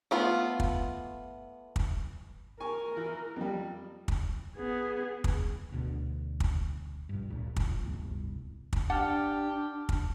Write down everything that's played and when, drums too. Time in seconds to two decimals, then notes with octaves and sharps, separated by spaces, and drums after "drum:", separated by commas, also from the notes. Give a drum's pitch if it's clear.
0.11 A3 B3 F4
0.60 drum: kick
1.76 drum: kick
2.60 A#4 G#5 C#6
2.97 E3
3.36 F2 G3
4.08 drum: kick
4.56 B3 G#4
5.24 drum: kick
5.72 D2 B2 D3
6.40 drum: kick
7.09 A#1 G2
7.28 D1 A#1 A#2
7.56 drum: kick
7.85 D1 G1 C2
8.73 drum: kick
8.90 D4 G4 F#5 A5 F6
9.89 drum: kick